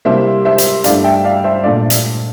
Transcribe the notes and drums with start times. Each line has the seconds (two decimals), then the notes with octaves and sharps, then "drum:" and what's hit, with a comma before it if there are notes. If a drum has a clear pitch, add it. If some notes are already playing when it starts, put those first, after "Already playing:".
0.05 C3 G3 A#3 E4 C5 E5
0.45 C5 E5
0.58 drum: hi-hat
0.84 G2 D3 A3 D5 F5, drum: hi-hat
1.04 E5 G5
1.24 D5 F5
1.44 C5 E5
1.63 A#2 A3 D4 D5 F5
1.90 drum: hi-hat